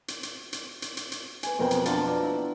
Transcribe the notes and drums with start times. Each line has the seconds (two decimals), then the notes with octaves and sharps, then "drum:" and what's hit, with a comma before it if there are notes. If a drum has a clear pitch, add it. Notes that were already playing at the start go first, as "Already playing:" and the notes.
0.08 drum: hi-hat
0.23 drum: hi-hat
0.53 drum: hi-hat
0.82 drum: hi-hat
0.97 drum: hi-hat
1.12 drum: hi-hat
1.43 B4 G#5, drum: hi-hat
1.59 F2 B2 A#4 B4 G5
1.71 drum: hi-hat
1.86 D4 F4 B4 F#5 A5 A#5, drum: hi-hat
2.07 D5 D6
2.23 E4